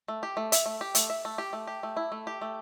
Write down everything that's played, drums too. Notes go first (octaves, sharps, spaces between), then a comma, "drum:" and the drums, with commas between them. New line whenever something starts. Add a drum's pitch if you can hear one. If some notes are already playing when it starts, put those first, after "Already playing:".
A3
G4
A3
E5, drum: hi-hat
A3
G4
A3, drum: hi-hat
E5
A3
G4
A3
G4
A3
E4
A3
G4
A3